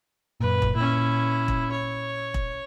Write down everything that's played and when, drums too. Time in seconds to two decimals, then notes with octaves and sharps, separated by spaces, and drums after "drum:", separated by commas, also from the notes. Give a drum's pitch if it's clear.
0.40 F#2 A#2 B4
0.62 drum: kick E1
0.75 A#2 C#4 E4
1.48 drum: kick E1
1.71 C#5
2.34 drum: kick E1